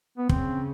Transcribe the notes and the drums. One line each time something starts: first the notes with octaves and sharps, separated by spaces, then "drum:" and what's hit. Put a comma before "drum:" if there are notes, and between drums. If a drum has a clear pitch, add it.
B3
C#3 C4, drum: kick